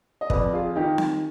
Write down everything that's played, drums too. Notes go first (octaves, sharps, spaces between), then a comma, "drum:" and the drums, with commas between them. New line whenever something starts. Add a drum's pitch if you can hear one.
D#5
F2 B4 D5, drum: kick
F4 G#4
D#3 D#4 G4
drum: snare C4